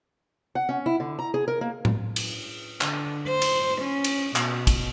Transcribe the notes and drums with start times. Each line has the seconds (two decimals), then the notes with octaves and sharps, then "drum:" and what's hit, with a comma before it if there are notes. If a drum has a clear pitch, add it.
0.55 F#5
0.69 C#4
0.86 E4
1.00 D3
1.19 A#5
1.34 G#4
1.48 A#4
1.61 A#3
1.85 drum: tom A2
2.16 drum: cymbal
2.81 D3, drum: clap
3.28 C5
3.42 drum: cymbal
3.81 C#4
4.04 drum: cymbal
4.36 B2, drum: clap
4.67 drum: kick, cymbal